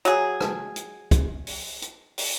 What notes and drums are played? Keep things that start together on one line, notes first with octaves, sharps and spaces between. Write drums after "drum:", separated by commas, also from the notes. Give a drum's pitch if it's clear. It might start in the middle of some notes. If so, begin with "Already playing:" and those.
F#3 G#4, drum: hi-hat
drum: rim click
drum: hi-hat
drum: kick, hi-hat
drum: open hi-hat
drum: hi-hat
drum: open hi-hat